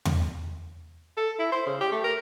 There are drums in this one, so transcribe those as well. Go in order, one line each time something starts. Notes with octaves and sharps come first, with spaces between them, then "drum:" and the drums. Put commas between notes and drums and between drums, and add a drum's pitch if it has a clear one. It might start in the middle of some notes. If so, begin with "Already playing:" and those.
drum: tom E2
A4
E4
C5
C#3
G4
A3
A#4